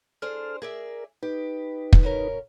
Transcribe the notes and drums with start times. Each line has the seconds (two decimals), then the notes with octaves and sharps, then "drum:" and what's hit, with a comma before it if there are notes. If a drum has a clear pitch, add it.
0.22 D4 G#4 A4 C5 F6
0.62 G#4 A#4 D5 E5
1.23 D#4 G4 B4
1.93 drum: kick
2.03 B2 C#4 A#4